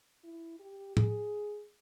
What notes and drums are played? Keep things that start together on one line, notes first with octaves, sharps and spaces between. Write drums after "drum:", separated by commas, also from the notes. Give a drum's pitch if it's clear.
E4
G4
G#4, drum: tom